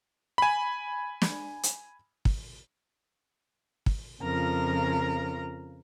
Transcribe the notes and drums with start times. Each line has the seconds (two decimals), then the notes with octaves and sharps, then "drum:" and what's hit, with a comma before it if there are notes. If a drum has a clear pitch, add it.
0.38 G#5 B5
1.22 drum: snare
1.63 drum: hi-hat
2.25 drum: kick
3.86 drum: kick
4.21 F2 C#3 F4 A#4 A#5